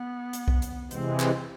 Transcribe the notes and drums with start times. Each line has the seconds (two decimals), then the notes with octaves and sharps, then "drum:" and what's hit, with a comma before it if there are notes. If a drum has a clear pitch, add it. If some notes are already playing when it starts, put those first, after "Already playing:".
Already playing: B3
0.33 drum: hi-hat
0.48 drum: kick B1
0.62 drum: hi-hat
0.91 C3 E3 G#3 C4, drum: hi-hat
1.20 drum: clap